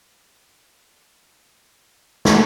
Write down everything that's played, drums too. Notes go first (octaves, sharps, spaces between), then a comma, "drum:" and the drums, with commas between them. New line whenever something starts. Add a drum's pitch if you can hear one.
A#1 C#4 F4
C4
D4 G#4 A#5
A1 G4 B5
drum: snare